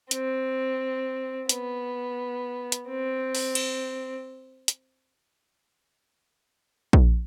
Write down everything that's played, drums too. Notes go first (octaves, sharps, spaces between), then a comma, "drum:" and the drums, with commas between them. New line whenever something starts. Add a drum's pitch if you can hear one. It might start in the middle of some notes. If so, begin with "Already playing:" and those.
C4, drum: hi-hat
B3, drum: hi-hat
drum: hi-hat
C4
drum: open hi-hat
drum: cymbal
drum: hi-hat
drum: kick A#1